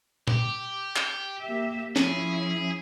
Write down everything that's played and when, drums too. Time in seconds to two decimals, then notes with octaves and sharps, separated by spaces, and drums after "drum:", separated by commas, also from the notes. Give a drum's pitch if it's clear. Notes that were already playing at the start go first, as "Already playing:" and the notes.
0.27 G4, drum: tom
0.96 drum: clap
1.42 A#3 G4 E5
1.96 F3 C#4 E4 G#4, drum: snare